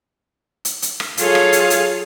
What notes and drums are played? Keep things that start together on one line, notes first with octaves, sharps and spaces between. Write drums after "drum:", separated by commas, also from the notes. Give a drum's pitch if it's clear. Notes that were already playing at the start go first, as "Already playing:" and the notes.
drum: hi-hat
drum: hi-hat
drum: rim click
F#3 F4 G#4 A4 C#5 F5, drum: hi-hat
drum: rim click
drum: hi-hat
drum: hi-hat